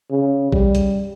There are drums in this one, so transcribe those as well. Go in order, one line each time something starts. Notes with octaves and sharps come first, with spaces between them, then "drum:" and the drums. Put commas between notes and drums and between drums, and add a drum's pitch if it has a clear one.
C#3
G3, drum: kick A#1
drum: hi-hat